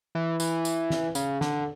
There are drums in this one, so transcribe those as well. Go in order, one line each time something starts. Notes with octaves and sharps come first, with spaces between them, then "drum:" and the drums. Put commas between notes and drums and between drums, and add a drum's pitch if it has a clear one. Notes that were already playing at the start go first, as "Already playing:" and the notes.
E3
E3, drum: tambourine
drum: tambourine
drum: snare
C#3, drum: tambourine
D3, drum: snare